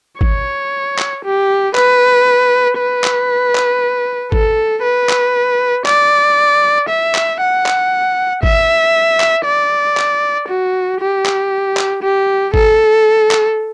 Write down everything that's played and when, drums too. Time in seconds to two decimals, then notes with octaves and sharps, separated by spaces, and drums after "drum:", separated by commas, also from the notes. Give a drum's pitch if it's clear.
0.21 C#5, drum: kick
0.98 drum: clap
1.25 G4
1.75 B4, drum: clap
2.78 B4
3.04 drum: clap
3.55 drum: clap
4.32 A4, drum: kick
4.83 B4
5.09 drum: clap
5.86 D5, drum: clap
6.89 E5
7.15 drum: clap
7.41 F#5
7.66 drum: clap
8.43 E5, drum: kick
9.20 drum: clap
9.45 D5
9.97 drum: clap
10.48 F#4
11.00 G4
11.25 drum: clap
11.77 drum: clap
12.03 G4
12.54 A4, drum: kick
13.31 drum: clap